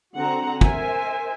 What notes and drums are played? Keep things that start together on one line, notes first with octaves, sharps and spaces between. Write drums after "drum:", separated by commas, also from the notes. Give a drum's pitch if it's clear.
D3 C4 F#4 F#5 A#5
A#4 C5 E5 G#5, drum: kick